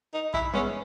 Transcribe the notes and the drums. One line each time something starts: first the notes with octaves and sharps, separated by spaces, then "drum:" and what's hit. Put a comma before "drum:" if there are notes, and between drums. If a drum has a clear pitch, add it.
D#4
E4, drum: kick
G#3 B3 C#4